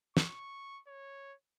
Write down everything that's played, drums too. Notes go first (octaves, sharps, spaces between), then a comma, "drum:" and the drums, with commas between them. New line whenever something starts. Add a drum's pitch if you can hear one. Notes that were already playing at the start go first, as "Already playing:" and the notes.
C#6, drum: snare
C#5